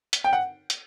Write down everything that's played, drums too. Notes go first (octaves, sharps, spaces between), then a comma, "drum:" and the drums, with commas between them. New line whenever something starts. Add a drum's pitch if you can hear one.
drum: hi-hat
G5
F#5
drum: hi-hat